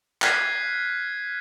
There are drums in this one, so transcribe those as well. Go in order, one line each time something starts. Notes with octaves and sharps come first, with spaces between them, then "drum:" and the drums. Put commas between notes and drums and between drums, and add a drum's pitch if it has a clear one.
F6 F#6 G#6 B6 C7 D#7, drum: clap